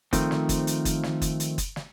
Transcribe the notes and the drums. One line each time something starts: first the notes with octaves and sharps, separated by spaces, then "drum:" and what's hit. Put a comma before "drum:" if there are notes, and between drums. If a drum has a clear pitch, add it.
D#3 F3 A3 C4, drum: kick F#1, hi-hat
drum: snare
drum: kick F#1, hi-hat
drum: hi-hat
drum: kick F#1, hi-hat
drum: snare
drum: kick F#1, hi-hat
drum: hi-hat
drum: kick F#1, hi-hat
drum: snare